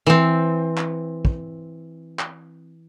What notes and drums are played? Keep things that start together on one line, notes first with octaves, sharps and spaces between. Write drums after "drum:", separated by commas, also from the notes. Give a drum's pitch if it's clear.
E3 C4
drum: clap
drum: kick
drum: clap